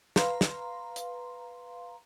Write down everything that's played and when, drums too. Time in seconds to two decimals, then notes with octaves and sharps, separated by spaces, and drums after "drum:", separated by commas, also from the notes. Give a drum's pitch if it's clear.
0.16 B4 F5 A#5 C6, drum: snare
0.41 drum: snare
0.96 drum: hi-hat